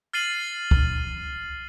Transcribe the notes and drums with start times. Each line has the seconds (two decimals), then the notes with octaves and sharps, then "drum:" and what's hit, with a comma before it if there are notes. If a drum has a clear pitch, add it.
0.13 F6 A6 C7 D#7 F#7
0.71 drum: kick